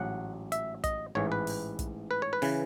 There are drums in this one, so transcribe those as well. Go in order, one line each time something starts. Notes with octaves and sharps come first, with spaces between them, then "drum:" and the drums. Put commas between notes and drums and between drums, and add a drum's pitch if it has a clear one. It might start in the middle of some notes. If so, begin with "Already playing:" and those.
Already playing: A1 G#2 F#3 F#5
E5, drum: hi-hat
D#5, drum: kick, hi-hat
A1 G#2 E3 C#5
B4
drum: open hi-hat
drum: kick, hi-hat
B4
C#5
B4
C#3 E3, drum: open hi-hat